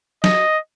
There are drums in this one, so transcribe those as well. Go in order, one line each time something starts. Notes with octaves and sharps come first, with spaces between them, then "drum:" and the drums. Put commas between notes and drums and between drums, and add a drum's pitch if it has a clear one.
D#5, drum: snare